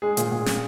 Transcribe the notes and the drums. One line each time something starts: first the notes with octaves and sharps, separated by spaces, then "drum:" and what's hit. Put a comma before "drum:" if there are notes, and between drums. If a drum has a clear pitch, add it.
G#3 G#4
A#2, drum: hi-hat
A#2
drum: snare